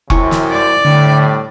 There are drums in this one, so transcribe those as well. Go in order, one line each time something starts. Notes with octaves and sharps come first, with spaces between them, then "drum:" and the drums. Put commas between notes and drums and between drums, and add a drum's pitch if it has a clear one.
F#2 C3 E4 G#5 C#6, drum: kick F1
drum: snare
D5
A2 D3 G3